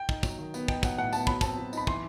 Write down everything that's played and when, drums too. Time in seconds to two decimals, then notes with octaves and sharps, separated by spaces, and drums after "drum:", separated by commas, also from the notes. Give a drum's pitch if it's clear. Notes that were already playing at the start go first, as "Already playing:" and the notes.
Already playing: G5
0.09 D#4, drum: kick
0.23 F#3, drum: kick, tambourine
0.39 D#3
0.54 B3, drum: tambourine
0.68 D#4 G5, drum: kick
0.83 F#3 F#5, drum: kick, tambourine
0.98 A2 F#5
1.13 B3 A5, drum: tambourine
1.27 F#3 B5, drum: kick
1.41 C4 A5, drum: kick, tambourine
1.58 F#3
1.73 D#4 B5, drum: tambourine
1.87 E3 C6, drum: kick